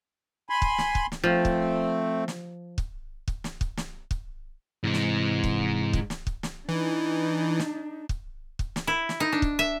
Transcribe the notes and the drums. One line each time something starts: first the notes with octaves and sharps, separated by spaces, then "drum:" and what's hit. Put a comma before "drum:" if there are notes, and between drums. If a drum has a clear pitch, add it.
G#5 B5 C6
drum: kick
drum: snare
drum: kick
drum: snare
F3 A3 C4
drum: kick
drum: snare
drum: kick
drum: kick
drum: snare
drum: kick
drum: snare
drum: kick
G#2 C3 E3 G#3
drum: snare
drum: kick
drum: kick
drum: snare
drum: kick
drum: snare
E3 D4 D#4
drum: snare
drum: kick
drum: kick
drum: snare
E4
drum: snare
D#4
D4
drum: kick
E5